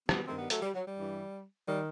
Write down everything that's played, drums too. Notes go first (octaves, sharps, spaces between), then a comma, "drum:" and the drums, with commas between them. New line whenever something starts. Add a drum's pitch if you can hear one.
G3 B3, drum: rim click
G2 D#3 A3 C4
G3 B3
F#3 A3, drum: hi-hat
G3
F#3
G3
G2 E3
D#3 G3